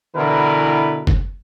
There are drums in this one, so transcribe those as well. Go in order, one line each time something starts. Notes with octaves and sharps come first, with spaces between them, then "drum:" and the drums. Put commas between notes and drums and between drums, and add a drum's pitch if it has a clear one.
B2 D3 E3 E4 A#4 B4
drum: kick